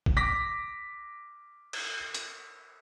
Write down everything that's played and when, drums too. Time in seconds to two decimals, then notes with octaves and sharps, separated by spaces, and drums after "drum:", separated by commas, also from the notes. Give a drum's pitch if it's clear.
0.06 drum: kick
0.17 D6 A#6 B6
1.73 drum: cymbal
2.14 drum: hi-hat